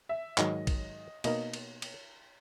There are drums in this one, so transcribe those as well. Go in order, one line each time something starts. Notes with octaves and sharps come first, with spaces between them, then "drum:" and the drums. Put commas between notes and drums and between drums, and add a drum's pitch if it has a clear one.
E5
G#2 D#3 F#3 D#5, drum: clap
drum: kick A#1, cymbal
B2 A#3 D#4 A#4 D#5, drum: cymbal
drum: cymbal
drum: cymbal